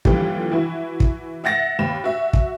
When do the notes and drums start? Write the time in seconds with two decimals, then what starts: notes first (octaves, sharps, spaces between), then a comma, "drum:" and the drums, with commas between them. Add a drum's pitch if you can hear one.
0.05 D#2 D3 E3 F3 G3, drum: kick
0.51 E3 E4 F#4
1.00 drum: kick
1.44 E5 F#5 A6 A#6
1.79 D#2 B5 E7
2.04 F#4 E5
2.33 drum: kick